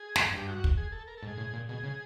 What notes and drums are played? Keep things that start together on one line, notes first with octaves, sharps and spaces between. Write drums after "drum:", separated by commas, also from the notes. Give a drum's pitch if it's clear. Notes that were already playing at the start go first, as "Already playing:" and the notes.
Already playing: G#4
F#2, drum: snare
G2
G4
F#4
drum: kick
G#4
A4
A#4
A4
G#2
G#4
A2
A#2
B2 G#4
C#3